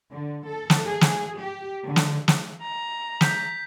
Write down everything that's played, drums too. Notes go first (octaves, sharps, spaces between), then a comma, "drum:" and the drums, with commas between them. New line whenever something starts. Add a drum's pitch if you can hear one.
D3
A4
drum: snare
G#4
drum: snare
G4
D3
drum: snare
drum: snare
A#5
G6 B6, drum: snare